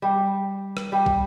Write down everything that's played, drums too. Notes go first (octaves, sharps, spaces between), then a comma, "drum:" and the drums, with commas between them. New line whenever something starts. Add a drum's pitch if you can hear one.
G3
drum: rim click
G3
drum: kick